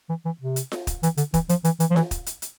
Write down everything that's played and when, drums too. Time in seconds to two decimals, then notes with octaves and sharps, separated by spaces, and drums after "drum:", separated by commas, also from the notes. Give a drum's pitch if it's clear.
0.09 E3
0.25 E3
0.41 C3
0.56 drum: hi-hat
0.72 drum: snare F4
0.87 drum: kick, hi-hat
1.03 E3, drum: hi-hat
1.17 D3, drum: hi-hat
1.34 E3, drum: kick, hi-hat
1.49 F3, drum: hi-hat
1.65 E3, drum: hi-hat
1.80 E3, drum: hi-hat
1.91 F3
1.96 E3, drum: snare F4
2.11 drum: kick, hi-hat
2.26 drum: hi-hat
2.42 drum: hi-hat